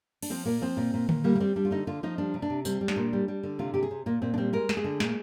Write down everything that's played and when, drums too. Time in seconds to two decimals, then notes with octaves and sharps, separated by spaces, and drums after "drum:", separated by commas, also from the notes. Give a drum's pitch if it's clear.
0.22 D4, drum: cymbal
0.30 F3 C4
0.46 A#2 A#3
0.62 F3 C4
0.77 A#2
0.94 A#2
1.09 A#2, drum: tom D3
1.24 G3 A#3
1.35 A#3
1.40 G3 C4
1.56 G3 D4
1.65 F4
1.71 D3 D#4
1.87 D3 F4
2.03 F3 D#4
2.18 G3 D4
2.34 C3
2.42 D4
2.50 C3
2.65 G3 C4, drum: tambourine
2.81 G3
2.88 D4, drum: snare
2.96 A#2
3.13 G3
3.28 G3
3.43 D3
3.59 C3 F4
3.74 C3 G4
3.83 G#4
3.91 C3
4.06 A#2 A#3
4.22 A#2 C4
4.34 D4
4.38 G3 C4
4.53 G#3 A#4
4.69 G#3, drum: snare
4.77 G#4
4.84 D3
5.00 A#2, drum: snare